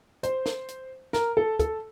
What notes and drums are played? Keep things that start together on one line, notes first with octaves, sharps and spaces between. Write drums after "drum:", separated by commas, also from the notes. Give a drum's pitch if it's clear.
C5, drum: hi-hat
drum: snare
drum: hi-hat
A#4, drum: snare
A4
A4, drum: kick, hi-hat